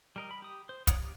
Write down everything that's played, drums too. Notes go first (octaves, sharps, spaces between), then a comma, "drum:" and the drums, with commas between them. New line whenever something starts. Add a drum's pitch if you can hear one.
G3 A#4 D#5
B5
G4 D#6
C5
C#5 D5 F5 F#5 D#6, drum: kick, hi-hat
G4